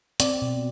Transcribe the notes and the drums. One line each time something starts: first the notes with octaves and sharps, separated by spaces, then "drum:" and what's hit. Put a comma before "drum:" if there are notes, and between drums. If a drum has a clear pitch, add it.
C4 D5, drum: hi-hat
B2